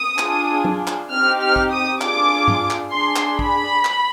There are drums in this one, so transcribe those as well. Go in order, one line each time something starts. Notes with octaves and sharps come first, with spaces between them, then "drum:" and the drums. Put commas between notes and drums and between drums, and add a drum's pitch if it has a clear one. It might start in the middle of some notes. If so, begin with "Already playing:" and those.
Already playing: D#6
D4 F4 G#4, drum: clap
drum: tom F#3
drum: clap
C4 D#4 G4 F6
F6
drum: kick
D#6
D4 F4 G#4 D6, drum: clap
drum: tom G#2
drum: clap
D4 G#4 C6
drum: clap
B5, drum: kick
drum: clap